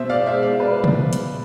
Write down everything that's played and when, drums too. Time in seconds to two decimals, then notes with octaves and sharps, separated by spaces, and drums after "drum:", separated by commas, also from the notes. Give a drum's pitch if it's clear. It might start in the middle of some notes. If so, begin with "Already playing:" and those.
Already playing: B2 C5 E5
0.10 D5 F5
0.26 G#3 C5 E5
0.43 D5 F5
0.60 B2 B4 D5
0.84 drum: tom
1.13 drum: hi-hat